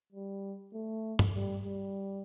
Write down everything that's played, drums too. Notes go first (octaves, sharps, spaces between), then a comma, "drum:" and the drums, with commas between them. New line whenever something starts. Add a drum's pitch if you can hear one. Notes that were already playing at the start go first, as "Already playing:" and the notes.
G3
A3
drum: tom
G3
G3